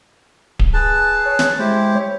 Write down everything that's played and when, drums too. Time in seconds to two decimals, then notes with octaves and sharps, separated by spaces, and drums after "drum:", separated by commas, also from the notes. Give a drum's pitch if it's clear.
0.59 drum: kick D1
0.73 G#4 B4 A5
1.25 C#5
1.39 drum: snare
1.59 G#3 E4 G4 C5
1.95 C#5